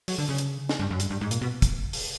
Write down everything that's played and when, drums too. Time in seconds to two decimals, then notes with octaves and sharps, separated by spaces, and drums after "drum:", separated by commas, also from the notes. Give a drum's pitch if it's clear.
0.08 F#3, drum: open hi-hat
0.18 D3
0.29 C#3
0.38 drum: hi-hat
0.69 drum: snare
0.80 G2
0.91 F#2
1.00 G2, drum: hi-hat
1.10 G2
1.21 G#2
1.31 A#2, drum: hi-hat
1.42 B2
1.62 drum: kick, hi-hat
1.93 drum: open hi-hat